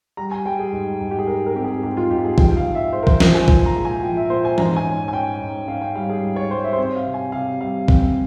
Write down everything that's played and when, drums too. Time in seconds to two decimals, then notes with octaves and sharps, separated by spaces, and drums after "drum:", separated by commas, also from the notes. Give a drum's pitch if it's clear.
0.17 G3 A#5
0.31 G#5
0.46 G3 G5
0.59 G#4
0.73 G#2
1.00 G#2
1.11 G4
1.19 G#4
1.27 G#2 A#4
1.46 A#4
1.55 C4 G4
1.64 G#4
1.83 G#2 G4
1.97 F4
2.10 G#2 G4
2.25 G#4
2.38 F3 G5, drum: kick
2.57 F5
2.65 G#3
2.75 E5
2.93 G#3 C5
3.03 A#4
3.07 C5, drum: kick
3.20 F3 A#4, drum: snare
3.34 G#5
3.48 A#2, drum: kick
3.66 A#5
3.76 G#3
3.85 G#5
4.03 F3 G5
4.17 E5
4.30 A#2 C5
4.45 G#5
4.58 G#2 A#5, drum: tom E3
4.76 G#5
4.85 C#4
5.08 G#5
5.13 C#4 G5
5.40 G#2
5.68 C#4 F5
5.81 G5
5.95 G3 F5
6.09 G#4
6.23 G#2
6.36 C#5
6.50 G3 C5
6.64 E5
6.73 C5
6.78 C4 C#5
6.96 F5
7.05 C3
7.14 G#5
7.32 C3 F5
7.60 G3 F5
7.88 C4, drum: kick